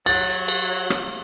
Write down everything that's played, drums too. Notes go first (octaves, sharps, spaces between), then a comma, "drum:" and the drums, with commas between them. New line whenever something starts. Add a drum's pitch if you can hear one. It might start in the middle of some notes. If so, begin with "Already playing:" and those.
F#3 A6, drum: cymbal
drum: cymbal
drum: rim click